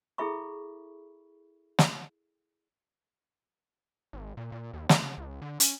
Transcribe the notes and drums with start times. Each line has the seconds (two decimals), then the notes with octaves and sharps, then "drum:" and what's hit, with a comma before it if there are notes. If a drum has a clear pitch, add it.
0.18 E4 G#4 A4 E5 B5 C#6
1.79 drum: snare
4.13 G#1
4.37 A#2
4.52 A#2
4.73 D#2
4.89 A3, drum: snare
5.02 C#3
5.18 C#2
5.42 D3
5.60 C#4, drum: hi-hat